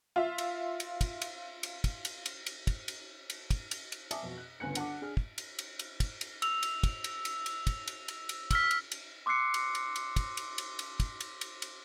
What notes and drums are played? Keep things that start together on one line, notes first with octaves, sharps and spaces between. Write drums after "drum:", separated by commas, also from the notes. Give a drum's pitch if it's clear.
F4 E5
drum: cymbal
drum: cymbal
drum: kick, cymbal
drum: cymbal
drum: cymbal
drum: kick, cymbal
drum: cymbal
drum: cymbal
drum: cymbal
drum: kick, cymbal
drum: cymbal
drum: cymbal
drum: kick, cymbal
drum: cymbal
drum: cymbal
E5 G#5 A5 D6 D#6, drum: cymbal
F2 B2
F#6
G1 C#2 B3 G#5 F#6 C#7
D3 F#5 A5 D6, drum: cymbal
D4 G#4 F6
drum: kick
drum: cymbal
drum: cymbal
drum: cymbal
drum: kick, cymbal
drum: cymbal
E6 F7, drum: cymbal
drum: cymbal
drum: kick, cymbal
drum: cymbal
drum: cymbal
drum: cymbal
drum: kick, cymbal
drum: cymbal
drum: cymbal
drum: cymbal
E6 F6 B6, drum: kick, cymbal
drum: cymbal
drum: cymbal
C6 D6 E6 F#6 C7 C#7
drum: cymbal
drum: cymbal
drum: cymbal
drum: kick, cymbal
drum: cymbal
drum: cymbal
drum: cymbal
drum: kick, cymbal
drum: cymbal
drum: cymbal
drum: cymbal